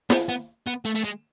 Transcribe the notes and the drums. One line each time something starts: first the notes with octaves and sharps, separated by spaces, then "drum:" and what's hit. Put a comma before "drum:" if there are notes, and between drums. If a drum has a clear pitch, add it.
B3, drum: snare
B3
B3
A3
A3
G#3